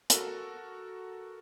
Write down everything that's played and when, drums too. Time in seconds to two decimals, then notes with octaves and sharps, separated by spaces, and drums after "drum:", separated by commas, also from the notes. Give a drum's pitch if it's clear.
0.10 F#4 A4 A#4, drum: hi-hat